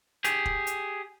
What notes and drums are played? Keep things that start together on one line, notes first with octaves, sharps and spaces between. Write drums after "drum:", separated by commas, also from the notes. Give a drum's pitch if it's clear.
G4 G#4, drum: hi-hat
drum: kick
drum: hi-hat